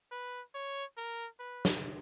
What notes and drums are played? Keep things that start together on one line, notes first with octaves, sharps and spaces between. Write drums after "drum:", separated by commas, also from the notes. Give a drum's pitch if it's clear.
B4
C#5
A#4
B4
drum: snare